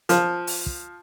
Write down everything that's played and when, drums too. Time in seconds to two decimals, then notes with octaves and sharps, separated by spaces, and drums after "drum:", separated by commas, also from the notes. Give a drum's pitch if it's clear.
0.09 F3, drum: hi-hat
0.47 drum: open hi-hat
0.66 drum: kick